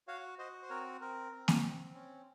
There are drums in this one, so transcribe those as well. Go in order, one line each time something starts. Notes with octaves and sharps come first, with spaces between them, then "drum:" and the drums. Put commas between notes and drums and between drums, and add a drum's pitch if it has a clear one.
F#4 C#5 F5
F#4 C5 D#5
C5
C4 A#4 C#5
C4 A#4
C4
drum: snare A#3
C4
C#4